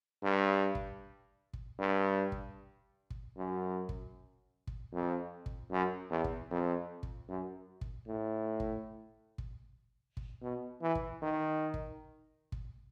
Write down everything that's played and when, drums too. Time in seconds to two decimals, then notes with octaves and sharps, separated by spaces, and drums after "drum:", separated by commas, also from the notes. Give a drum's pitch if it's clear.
0.23 G2
0.75 drum: kick
1.53 drum: kick
1.79 G2
2.32 drum: kick
3.10 drum: kick
3.37 F#2
3.89 drum: kick
4.67 drum: kick
4.94 F2
5.46 drum: kick
5.72 F#2
6.11 E2
6.24 drum: kick
6.51 F2
7.03 drum: kick
7.29 F#2
7.81 drum: kick
8.08 A2
8.60 drum: kick
9.38 drum: kick
10.17 drum: kick
10.42 B2
10.82 E3
10.95 drum: kick
11.22 D#3
11.74 drum: kick
12.52 drum: kick